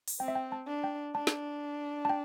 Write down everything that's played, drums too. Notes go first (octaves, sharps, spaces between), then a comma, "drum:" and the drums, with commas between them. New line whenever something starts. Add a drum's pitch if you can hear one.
drum: open hi-hat
C4 G5
E5
G5
A5
D4
G5
D4 A5
drum: snare
A5
G5